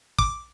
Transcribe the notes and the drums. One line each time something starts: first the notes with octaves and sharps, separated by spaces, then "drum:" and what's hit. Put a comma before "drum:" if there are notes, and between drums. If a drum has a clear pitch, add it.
D6, drum: kick